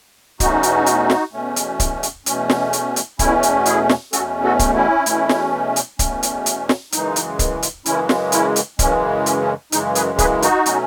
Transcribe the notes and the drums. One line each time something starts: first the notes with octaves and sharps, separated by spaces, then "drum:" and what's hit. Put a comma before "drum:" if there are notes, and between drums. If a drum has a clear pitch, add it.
E2 B2 A3 C#4 D#4 F#4, drum: kick C#1, hi-hat
drum: hi-hat
drum: hi-hat
drum: snare
E2 B2 A3 C#4
drum: hi-hat
drum: kick C#1, hi-hat
drum: hi-hat
E2 B2 A3 C#4, drum: hi-hat
drum: snare
drum: hi-hat
drum: hi-hat
E2 B2 A3 C#4 E4, drum: kick C#1, hi-hat
drum: hi-hat
E4 G#4, drum: hi-hat
drum: snare
E2 B2 A3 C#4 F#4 A4, drum: hi-hat
F#4 A4
drum: kick C#1, hi-hat
C#4 E4
E2 B2 A3 C#4, drum: hi-hat
drum: snare
drum: hi-hat
E2 B2 A3 C#4, drum: kick C#1, hi-hat
drum: hi-hat
drum: hi-hat
drum: snare
F#2 C#3 E3 G#3 D#4, drum: hi-hat
drum: hi-hat
drum: kick C#1, hi-hat
drum: hi-hat
F#2 C#3 E3 G#3 C#4 E4, drum: hi-hat
drum: snare
C#4 E4, drum: hi-hat
drum: hi-hat
F#2 C#3 E3 G#3 C#4, drum: kick C#1, hi-hat
C#4, drum: hi-hat
C#4
F#2 C#3 E3 G#3 D#4, drum: hi-hat
G#4 B4, drum: hi-hat
G#4 B4, drum: kick C#1, hi-hat
D#4 F#4, drum: hi-hat
B2 F#3 A3 C#4, drum: hi-hat